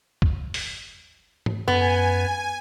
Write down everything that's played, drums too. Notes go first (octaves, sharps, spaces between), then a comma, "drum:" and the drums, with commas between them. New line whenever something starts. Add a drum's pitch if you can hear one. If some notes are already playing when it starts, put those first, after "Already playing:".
drum: kick
drum: open hi-hat
drum: tom G#2
F#2 B3 G#5